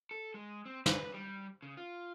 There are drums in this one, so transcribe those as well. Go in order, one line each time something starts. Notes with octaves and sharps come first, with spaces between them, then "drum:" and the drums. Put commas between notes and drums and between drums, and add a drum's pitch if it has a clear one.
A4
G#3
C4
B4, drum: snare
G3
C#3
F4